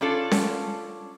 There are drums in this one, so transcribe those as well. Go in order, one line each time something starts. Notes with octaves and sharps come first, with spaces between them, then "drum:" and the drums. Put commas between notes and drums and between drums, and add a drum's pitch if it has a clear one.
C#4 D4 F4 A4
drum: snare C#4